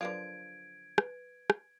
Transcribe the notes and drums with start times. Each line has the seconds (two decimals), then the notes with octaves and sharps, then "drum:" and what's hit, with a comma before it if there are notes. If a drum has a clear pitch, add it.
0.01 D3 F3 F#3 F4 A#4 B4 G#6 D7
0.98 B4, drum: rim click
1.50 drum: rim click